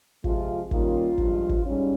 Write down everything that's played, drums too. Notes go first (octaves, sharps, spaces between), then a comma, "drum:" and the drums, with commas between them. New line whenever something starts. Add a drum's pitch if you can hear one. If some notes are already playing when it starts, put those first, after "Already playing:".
C3 F3 G#3 F4, drum: kick
D#3 G3 A#3 C#4 F4, drum: kick
G2 F3 G#3, drum: kick
drum: kick
G#2 G3 C#4